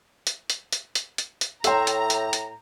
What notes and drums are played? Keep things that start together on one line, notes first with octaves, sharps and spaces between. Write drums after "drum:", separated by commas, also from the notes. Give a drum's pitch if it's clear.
drum: hi-hat
drum: hi-hat
drum: hi-hat
drum: hi-hat
drum: hi-hat
drum: hi-hat
A2 A4 C#5 E5 G5 A#5 C6, drum: hi-hat
drum: hi-hat
drum: hi-hat
drum: hi-hat